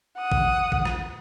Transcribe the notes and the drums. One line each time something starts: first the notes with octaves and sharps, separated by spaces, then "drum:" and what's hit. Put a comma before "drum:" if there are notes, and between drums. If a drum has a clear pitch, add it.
F#5 D#6
drum: kick A1
drum: kick A1
drum: rim click